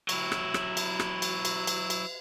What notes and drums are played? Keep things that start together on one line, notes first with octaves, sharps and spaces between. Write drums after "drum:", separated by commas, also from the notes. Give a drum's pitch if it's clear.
F#3 E4, drum: cymbal
drum: rim click
drum: rim click
drum: cymbal
drum: rim click
drum: cymbal
drum: cymbal
drum: cymbal
drum: cymbal